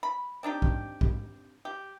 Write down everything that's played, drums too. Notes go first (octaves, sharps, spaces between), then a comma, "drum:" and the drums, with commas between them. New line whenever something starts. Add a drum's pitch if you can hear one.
B5
C4 D4 D#4 G4
drum: kick
drum: kick
G4